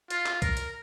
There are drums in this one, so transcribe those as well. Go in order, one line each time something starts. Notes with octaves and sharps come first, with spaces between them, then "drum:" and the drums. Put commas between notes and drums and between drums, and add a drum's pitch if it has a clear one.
F4, drum: hi-hat
drum: clap
A#4, drum: kick, hi-hat
drum: hi-hat